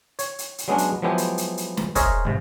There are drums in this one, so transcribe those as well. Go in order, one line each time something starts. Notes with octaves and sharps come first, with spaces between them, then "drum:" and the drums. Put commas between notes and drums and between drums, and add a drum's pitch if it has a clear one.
C#5, drum: hi-hat
drum: hi-hat
drum: hi-hat
F#3 G#3 B3 C#4 D4
drum: hi-hat
F3 F#3 G#3 B3 E4 G4
drum: hi-hat
drum: hi-hat
drum: hi-hat
drum: snare
G#4 A#4 C5 C#5 D#5 E5, drum: kick, hi-hat
G#1 C3